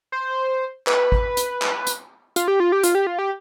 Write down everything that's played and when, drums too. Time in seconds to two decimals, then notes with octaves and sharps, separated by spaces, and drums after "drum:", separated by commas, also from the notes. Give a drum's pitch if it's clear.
0.12 C5
0.87 B4, drum: clap
1.12 drum: kick G#1
1.37 drum: hi-hat
1.62 drum: clap
1.87 drum: hi-hat
2.36 F4, drum: hi-hat
2.48 G4
2.60 F4
2.72 G4
2.83 F4, drum: hi-hat
2.95 G4
3.07 F4
3.19 G4